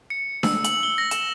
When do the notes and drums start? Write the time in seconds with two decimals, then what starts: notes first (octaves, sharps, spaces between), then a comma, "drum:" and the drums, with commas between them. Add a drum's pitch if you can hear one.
0.10 C#7
0.43 E6, drum: snare D4
0.64 F#7, drum: hi-hat
0.83 G7
0.98 A#6
1.11 E7, drum: hi-hat